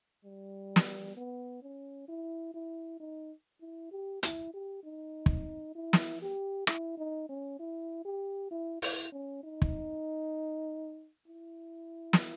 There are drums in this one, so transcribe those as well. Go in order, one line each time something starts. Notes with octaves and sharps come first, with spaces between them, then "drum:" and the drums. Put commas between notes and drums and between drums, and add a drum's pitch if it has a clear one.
G3
drum: snare
B3
C#4
E4
E4
D#4
E4
G4
E4, drum: hi-hat
G4
D#4
drum: kick
E4
drum: snare
G4
E4, drum: rim click
D#4
C#4
E4
G4
E4
E4, drum: open hi-hat
C#4
D#4
drum: kick
E4
drum: snare